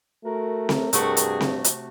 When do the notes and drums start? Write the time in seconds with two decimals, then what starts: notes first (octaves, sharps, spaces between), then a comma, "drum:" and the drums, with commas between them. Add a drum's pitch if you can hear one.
0.25 A3 F#4 A#4
0.69 drum: snare C4
0.93 G2 C3 A3 F#4 G#4, drum: hi-hat
1.17 drum: hi-hat
1.41 drum: snare C4
1.64 drum: hi-hat